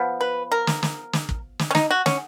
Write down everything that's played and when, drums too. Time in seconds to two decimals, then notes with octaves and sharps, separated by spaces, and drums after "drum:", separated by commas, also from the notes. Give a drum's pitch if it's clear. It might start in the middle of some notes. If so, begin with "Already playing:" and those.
Already playing: F3 B3
0.21 B4
0.52 A#4
0.67 drum: snare
0.83 drum: snare
1.13 drum: snare
1.29 drum: kick
1.59 drum: snare
1.71 C#4
1.75 D#4, drum: snare
1.91 F#4
2.06 C#4, drum: snare